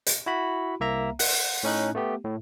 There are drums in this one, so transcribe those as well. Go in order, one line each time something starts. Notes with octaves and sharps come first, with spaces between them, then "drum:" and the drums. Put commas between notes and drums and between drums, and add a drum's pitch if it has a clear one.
drum: hi-hat
E4 F#4 B5
C2 A#3 E5 A#5
F#5, drum: open hi-hat
A2 C#4 D#4 F#6
A3 B3 G4
A2